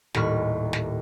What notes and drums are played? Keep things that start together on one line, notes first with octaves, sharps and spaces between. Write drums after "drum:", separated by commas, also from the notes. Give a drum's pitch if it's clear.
D#1 D#2 A2 B5 C#6 F6, drum: snare
drum: snare